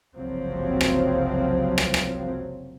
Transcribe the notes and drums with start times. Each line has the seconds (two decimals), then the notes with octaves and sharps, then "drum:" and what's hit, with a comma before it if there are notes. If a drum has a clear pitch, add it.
0.16 F#1 C2 F3 F#3 C4
0.81 drum: rim click
1.78 drum: rim click
1.94 drum: rim click